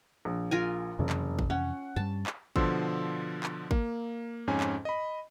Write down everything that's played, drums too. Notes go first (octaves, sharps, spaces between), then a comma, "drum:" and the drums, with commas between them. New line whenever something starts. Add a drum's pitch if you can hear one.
A#1
F4 A#4 G#5
F#1 F2 C3 E3
drum: clap
drum: kick G#1
C#4 F#5
G2 G3 A5
drum: clap
B2 D3 F3 C6 E6, drum: kick G#1
drum: clap
A#3, drum: kick G#1
F2 G#2 C#4 G#5
drum: clap
D#5 B5